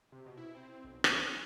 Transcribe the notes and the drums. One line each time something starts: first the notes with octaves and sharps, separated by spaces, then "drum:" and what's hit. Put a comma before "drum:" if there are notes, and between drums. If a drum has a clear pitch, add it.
C3
B2
E4
C4
B1
C#6, drum: rim click
F3
G#5